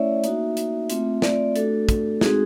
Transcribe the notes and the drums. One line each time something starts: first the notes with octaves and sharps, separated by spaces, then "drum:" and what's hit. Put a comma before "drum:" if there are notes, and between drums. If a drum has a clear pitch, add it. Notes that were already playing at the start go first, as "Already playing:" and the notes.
Already playing: A3 C#4 E4 C#5 D5 E5
A#3 D#4 F#4, drum: hi-hat
drum: hi-hat
A3 C4 F4, drum: hi-hat
D5, drum: snare
A3 D4 F#4 A4, drum: hi-hat
drum: kick, hi-hat
G#3 C4 D#4 F#4 G#4, drum: snare